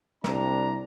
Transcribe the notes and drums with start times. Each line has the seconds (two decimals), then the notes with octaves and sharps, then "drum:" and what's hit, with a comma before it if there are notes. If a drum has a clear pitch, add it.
0.24 C2 C3 G3 D4 A#5, drum: snare